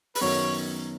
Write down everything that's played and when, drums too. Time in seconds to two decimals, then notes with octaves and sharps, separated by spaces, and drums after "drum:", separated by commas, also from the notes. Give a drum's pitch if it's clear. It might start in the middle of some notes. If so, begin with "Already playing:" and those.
0.15 B4, drum: open hi-hat
0.21 F#2 D#3 F#3 B3 C#5